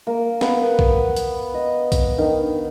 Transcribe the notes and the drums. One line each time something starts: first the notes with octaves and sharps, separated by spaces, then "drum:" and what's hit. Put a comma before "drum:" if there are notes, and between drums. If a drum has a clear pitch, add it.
A#3
B3, drum: snare
drum: kick B1
drum: hi-hat
D#5
drum: kick B1, hi-hat
D#3